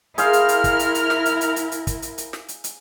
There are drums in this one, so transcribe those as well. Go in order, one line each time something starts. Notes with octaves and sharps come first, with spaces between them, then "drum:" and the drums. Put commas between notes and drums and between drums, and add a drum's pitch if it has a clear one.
E4 G#4 A#4 C5 F5 F6, drum: hi-hat
drum: hi-hat
drum: hi-hat
drum: kick, hi-hat
drum: hi-hat
drum: hi-hat
drum: snare
drum: hi-hat
drum: hi-hat
drum: hi-hat
drum: hi-hat
drum: kick, hi-hat
drum: hi-hat
drum: hi-hat
drum: snare
drum: hi-hat
drum: hi-hat